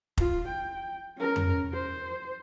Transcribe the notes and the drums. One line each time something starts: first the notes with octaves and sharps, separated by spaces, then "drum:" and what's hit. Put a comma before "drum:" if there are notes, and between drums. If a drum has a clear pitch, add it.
F4, drum: kick F1
G5
C#4 A#4
drum: tom F2
C5